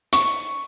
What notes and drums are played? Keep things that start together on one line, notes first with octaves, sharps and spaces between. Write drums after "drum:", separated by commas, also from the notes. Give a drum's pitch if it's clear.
C#6, drum: hi-hat